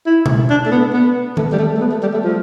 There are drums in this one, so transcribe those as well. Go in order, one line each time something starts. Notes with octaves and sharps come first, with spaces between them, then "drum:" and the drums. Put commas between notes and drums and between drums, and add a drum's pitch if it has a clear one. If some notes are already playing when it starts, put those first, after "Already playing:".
E4
drum: tom B2
D4
A3
B3
B3
A3, drum: tom
G3
A3
A3
B3
A3
G3
A3
F3